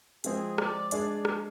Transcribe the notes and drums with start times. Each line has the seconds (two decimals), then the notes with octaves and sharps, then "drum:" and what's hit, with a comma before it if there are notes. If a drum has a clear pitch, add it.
0.24 F3 G#3 C4 G#4, drum: hi-hat
0.58 D5, drum: rim click
0.91 G#3 D4 G#4 D5, drum: hi-hat
1.25 drum: rim click